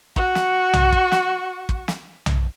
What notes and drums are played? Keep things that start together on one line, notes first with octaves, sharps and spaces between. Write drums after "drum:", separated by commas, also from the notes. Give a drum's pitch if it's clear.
F#4 C#6, drum: kick
drum: snare
drum: tom B1
drum: kick
drum: snare
drum: kick
drum: snare
drum: tom B1